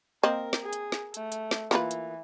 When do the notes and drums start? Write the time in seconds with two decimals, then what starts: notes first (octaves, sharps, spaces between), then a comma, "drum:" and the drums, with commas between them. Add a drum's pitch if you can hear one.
0.23 A#3 C4 A#4 D#5
0.53 drum: snare
0.63 G#4
0.73 drum: hi-hat
0.92 drum: snare
1.14 A3, drum: hi-hat
1.32 drum: hi-hat
1.51 drum: snare
1.71 E3 A#3 F4 B4, drum: snare
1.91 drum: hi-hat